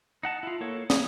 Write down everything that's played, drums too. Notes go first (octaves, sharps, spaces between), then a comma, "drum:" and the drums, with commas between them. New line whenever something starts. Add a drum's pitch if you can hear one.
D#4 F#5 A5
E4 F4
A#3 A4 C#5
C#5 D#6, drum: snare